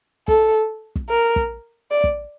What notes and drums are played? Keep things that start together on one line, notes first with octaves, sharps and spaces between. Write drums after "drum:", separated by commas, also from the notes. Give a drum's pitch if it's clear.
A4, drum: kick
drum: kick
A#4
drum: kick
D5
drum: kick